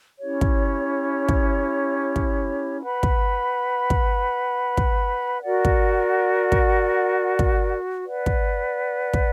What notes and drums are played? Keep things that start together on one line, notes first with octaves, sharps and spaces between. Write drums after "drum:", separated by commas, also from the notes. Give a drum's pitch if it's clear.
C#4 E4 G4 C#5
drum: kick
drum: kick
drum: kick
B4 F#5 B5
drum: kick
drum: kick
drum: kick
F#4 A#4 D5 F#5
drum: kick
drum: kick
drum: kick
B4 D5 F#5
drum: kick
drum: kick